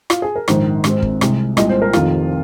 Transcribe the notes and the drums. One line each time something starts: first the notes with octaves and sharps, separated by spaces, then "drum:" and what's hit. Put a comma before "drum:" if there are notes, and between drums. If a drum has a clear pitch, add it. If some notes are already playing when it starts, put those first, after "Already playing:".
F4, drum: rim click
G#4
A#4
A#1 G#2 D#3 C5, drum: rim click
G#1 G#2 G#3 C4, drum: rim click
drum: kick
C2 C3 G#3, drum: rim click
C2 A#2 G#3 D#5, drum: rim click
C5
A#4
F1 F2 D#3 F4, drum: rim click